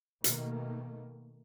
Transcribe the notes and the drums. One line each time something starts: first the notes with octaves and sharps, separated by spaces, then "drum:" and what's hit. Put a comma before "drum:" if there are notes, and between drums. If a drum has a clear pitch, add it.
B2 D#3 A3 A#3, drum: hi-hat